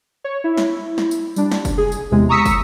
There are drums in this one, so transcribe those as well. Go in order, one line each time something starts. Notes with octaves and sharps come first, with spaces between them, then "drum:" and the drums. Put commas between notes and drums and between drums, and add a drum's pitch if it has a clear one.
C#5
E4
drum: snare
drum: snare
drum: tambourine
G3 D4, drum: tambourine
drum: snare
drum: kick, tambourine
G#4
drum: tambourine
E2 C3 G#3
A#5 C#6 D#6 E6 B6 C#7
drum: kick, tambourine